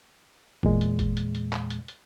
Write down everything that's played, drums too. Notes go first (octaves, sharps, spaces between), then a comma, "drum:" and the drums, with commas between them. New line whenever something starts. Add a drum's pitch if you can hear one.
E2 A#2 G#3, drum: kick F#1
drum: hi-hat
drum: kick F#1, hi-hat
drum: hi-hat
drum: hi-hat
drum: clap
drum: hi-hat
drum: hi-hat